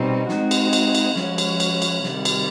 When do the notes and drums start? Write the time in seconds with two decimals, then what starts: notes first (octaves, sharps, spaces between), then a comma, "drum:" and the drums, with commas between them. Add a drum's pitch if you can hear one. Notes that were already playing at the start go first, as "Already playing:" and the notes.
Already playing: B2 G3 C4 D#4
0.29 G#3 C4 D#4 F#4, drum: snare
0.51 drum: cymbal
0.73 drum: cymbal
0.95 drum: cymbal
1.16 F3 G#3 C#4 F#4, drum: snare
1.38 drum: cymbal
1.60 drum: cymbal
1.82 drum: cymbal
2.04 C3 D#3 G3, drum: snare
2.25 drum: cymbal